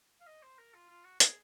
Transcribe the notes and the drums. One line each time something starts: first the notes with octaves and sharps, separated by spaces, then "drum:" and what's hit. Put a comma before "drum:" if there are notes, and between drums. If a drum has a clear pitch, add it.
F5
D#5
C5
A#4
F4
F4
F#4
G#4, drum: hi-hat